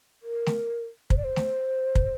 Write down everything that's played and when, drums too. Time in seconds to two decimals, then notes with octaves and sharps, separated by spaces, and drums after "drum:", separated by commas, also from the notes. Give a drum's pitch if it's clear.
0.23 A#4
0.46 drum: snare A3
1.10 C5, drum: kick
1.17 D5
1.24 C5
1.36 drum: snare A3
1.95 drum: kick